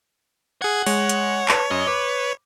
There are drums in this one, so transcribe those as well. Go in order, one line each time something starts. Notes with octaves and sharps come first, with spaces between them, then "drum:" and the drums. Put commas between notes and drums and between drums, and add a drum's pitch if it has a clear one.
G#4 F#5 G#6
G#3 C#5, drum: open hi-hat
drum: hi-hat
B4 A5, drum: clap
F#2 D#5
B4 D6